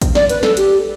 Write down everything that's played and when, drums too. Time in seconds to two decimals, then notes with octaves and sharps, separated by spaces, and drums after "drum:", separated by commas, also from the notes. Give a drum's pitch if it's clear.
0.02 drum: kick A1, hi-hat
0.15 D5, drum: snare
0.29 B4, drum: hi-hat
0.43 A4, drum: snare
0.57 G4, drum: hi-hat